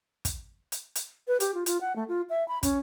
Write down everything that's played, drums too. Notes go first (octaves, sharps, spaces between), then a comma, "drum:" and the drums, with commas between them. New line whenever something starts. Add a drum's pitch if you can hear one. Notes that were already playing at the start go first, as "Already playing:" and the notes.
drum: kick, hi-hat
drum: hi-hat
drum: hi-hat
B4
G4, drum: hi-hat
F4
F4, drum: hi-hat
F#5
A3
F4
E5
B5
C#4, drum: kick, hi-hat